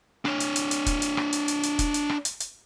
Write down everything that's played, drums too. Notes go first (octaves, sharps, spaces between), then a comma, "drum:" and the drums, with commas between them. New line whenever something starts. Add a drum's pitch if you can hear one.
D4 C#5, drum: rim click
drum: hi-hat
drum: hi-hat
drum: hi-hat
drum: kick, hi-hat
drum: hi-hat
drum: rim click
drum: hi-hat
drum: hi-hat
drum: hi-hat
drum: kick, hi-hat
drum: hi-hat
drum: rim click
drum: hi-hat
drum: hi-hat